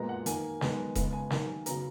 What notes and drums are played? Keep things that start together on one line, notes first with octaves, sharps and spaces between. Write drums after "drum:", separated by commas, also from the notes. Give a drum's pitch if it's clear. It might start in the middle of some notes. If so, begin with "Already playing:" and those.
Already playing: A#2 G#3 B3 A#5
F#5
D#3 A#3 G#5, drum: hi-hat
D#3 G#3 B3, drum: snare
C#3 G#3 B3, drum: kick D#1, hi-hat
G#5
D#3 A#3, drum: snare
C#3 F#3 B3 A#5, drum: hi-hat